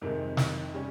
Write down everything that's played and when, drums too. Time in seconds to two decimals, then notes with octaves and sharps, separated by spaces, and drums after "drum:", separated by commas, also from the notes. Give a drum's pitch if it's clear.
0.02 F2 C3 D#3 G#3
0.37 drum: snare
0.74 G3 C#4